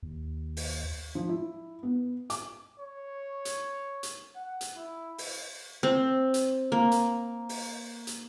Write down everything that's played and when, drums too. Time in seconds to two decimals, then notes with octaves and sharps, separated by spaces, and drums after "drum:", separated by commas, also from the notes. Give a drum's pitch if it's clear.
0.03 D#2
0.57 drum: open hi-hat
1.15 F3
1.29 E4
1.83 B3
2.30 D6, drum: hi-hat
2.80 C#5
3.45 drum: hi-hat
4.03 drum: hi-hat
4.36 F#5
4.61 drum: hi-hat
4.76 E4
5.18 drum: open hi-hat
5.83 C4
6.34 drum: hi-hat
6.72 A#3
6.92 drum: hi-hat
7.49 drum: open hi-hat
8.07 drum: hi-hat